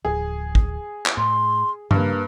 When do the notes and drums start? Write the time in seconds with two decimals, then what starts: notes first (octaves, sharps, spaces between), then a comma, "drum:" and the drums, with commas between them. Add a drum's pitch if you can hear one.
0.05 D1 F3 G#4
0.55 drum: kick
1.06 drum: clap
1.17 A2 C6
1.91 G2 C#3 G3 A#3 B4, drum: tom G2